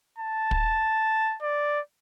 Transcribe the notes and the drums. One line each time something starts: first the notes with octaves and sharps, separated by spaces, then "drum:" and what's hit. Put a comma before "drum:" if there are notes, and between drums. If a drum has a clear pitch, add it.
A5
drum: kick
D5